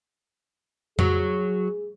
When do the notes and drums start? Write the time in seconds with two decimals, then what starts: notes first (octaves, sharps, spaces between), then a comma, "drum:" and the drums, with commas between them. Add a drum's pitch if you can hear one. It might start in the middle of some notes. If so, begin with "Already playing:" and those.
0.99 F#3 G#4, drum: tom F2